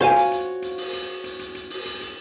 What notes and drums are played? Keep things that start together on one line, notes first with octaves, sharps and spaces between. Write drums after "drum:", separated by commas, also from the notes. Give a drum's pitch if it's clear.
F#4 C5 C#5 F5 G#5
drum: hi-hat
drum: hi-hat
drum: hi-hat
drum: open hi-hat
drum: hi-hat
drum: hi-hat
drum: hi-hat
drum: hi-hat
drum: open hi-hat
drum: hi-hat
drum: hi-hat